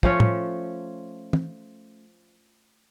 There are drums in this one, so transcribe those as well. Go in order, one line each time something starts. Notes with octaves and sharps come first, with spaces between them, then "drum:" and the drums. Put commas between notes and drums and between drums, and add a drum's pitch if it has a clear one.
F3 A3 C#4 C#5, drum: kick
drum: tom
drum: tom